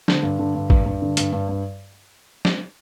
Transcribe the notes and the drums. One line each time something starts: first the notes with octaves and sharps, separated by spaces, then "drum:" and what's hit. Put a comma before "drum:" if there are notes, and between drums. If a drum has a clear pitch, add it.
D3, drum: snare
G2
D3
G2
G2, drum: kick
G2
D3
G2, drum: hi-hat
G2
G2
drum: snare